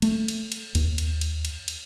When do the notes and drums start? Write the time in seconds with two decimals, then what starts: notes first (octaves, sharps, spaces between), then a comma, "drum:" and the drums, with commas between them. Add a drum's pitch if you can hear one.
0.02 A3, drum: cymbal
0.28 drum: cymbal
0.52 drum: cymbal
0.75 D#2, drum: cymbal
0.98 drum: cymbal
1.21 drum: cymbal
1.45 drum: cymbal
1.68 drum: cymbal